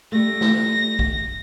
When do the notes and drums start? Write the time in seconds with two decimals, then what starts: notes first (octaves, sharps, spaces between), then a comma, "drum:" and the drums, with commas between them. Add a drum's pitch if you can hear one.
0.12 G3 A3 A#6
0.41 drum: snare
0.99 drum: kick